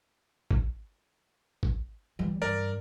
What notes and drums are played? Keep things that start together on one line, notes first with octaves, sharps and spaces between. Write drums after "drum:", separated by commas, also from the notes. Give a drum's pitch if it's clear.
drum: kick G#1
drum: kick G#1
E3 G3
G2 A#4 D5